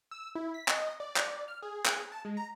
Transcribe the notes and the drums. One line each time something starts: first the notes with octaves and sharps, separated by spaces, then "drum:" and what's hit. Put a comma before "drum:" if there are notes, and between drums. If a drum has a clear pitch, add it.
E6
E4
B6
D#5, drum: clap
D5
drum: clap
F6
G#4
drum: clap
A5
G#3
A#5